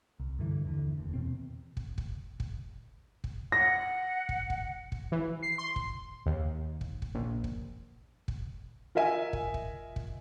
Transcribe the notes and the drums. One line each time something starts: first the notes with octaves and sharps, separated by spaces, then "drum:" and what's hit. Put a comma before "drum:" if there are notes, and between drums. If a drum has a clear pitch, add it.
C2
G2 D3 E3
D#2 D3 E3
F1 D#2
E2 B2 C4
drum: kick
drum: kick
drum: kick
drum: kick
F#5 A#6
drum: kick
drum: kick
drum: kick
E3
C7
C6
drum: kick
D#2
drum: kick
drum: kick
A#1
drum: kick
drum: kick
F4 A#4 D#5 E5 G#5
drum: kick
drum: kick
drum: kick